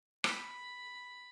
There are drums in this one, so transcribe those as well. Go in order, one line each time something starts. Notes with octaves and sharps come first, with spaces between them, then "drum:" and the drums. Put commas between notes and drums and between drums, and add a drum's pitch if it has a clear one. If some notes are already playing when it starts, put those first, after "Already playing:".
B5, drum: rim click